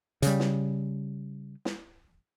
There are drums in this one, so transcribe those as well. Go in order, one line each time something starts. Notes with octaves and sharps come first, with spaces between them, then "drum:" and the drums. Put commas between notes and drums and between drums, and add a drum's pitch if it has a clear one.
C#3 G3, drum: hi-hat
drum: snare
drum: snare